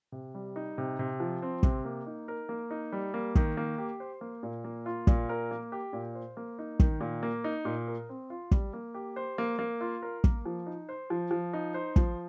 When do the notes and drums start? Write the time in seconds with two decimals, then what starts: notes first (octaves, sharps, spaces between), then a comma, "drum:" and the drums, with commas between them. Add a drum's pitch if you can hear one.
0.12 C3
0.34 G3
0.56 D#4
0.78 C3
0.99 C3
1.20 F3
1.42 C4
1.63 C3, drum: kick
1.85 A#3
2.07 D#4
2.28 A#4
2.49 A#3
2.71 D#4
2.92 G3
3.14 A#3
3.35 D#3, drum: kick
3.57 A#3
3.78 G4
4.00 C5
4.21 A#3
4.43 A#2
4.64 A#3
4.86 F4
5.07 A#2, drum: kick
5.29 A#4
5.51 A#3
5.72 G4
5.93 A#2
6.15 C5
6.37 A#3
6.59 D#4
6.80 D#3, drum: kick
7.00 A#2
7.23 A#3
7.44 D#4
7.65 A#2
7.88 A#4
8.09 C4
8.30 F4
8.51 G3, drum: kick
8.73 A#3
8.94 G4
9.16 C5
9.38 A#3
9.59 A#3
9.81 F4
10.02 A#4
10.24 A#3, drum: kick
10.46 F3
10.67 D#4
10.89 C5
11.10 F3
11.31 F3
11.53 D#4
11.74 C5
11.96 F3, drum: kick